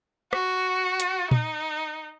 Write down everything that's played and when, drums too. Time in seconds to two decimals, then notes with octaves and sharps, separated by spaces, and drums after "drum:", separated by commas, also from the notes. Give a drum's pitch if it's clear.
0.33 F#4, drum: rim click
1.00 drum: hi-hat
1.31 D#4, drum: tom